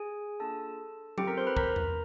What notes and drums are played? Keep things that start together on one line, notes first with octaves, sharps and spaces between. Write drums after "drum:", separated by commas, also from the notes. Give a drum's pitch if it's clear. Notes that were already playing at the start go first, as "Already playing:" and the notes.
Already playing: G#4 G#5
A#3 D4 F4 G#4 A4 A5
C4 F4 G4 A4 G5, drum: tom F#3
A#4 A#5
C5 C6
B4 B5
A#4 A#5, drum: kick
drum: tom E2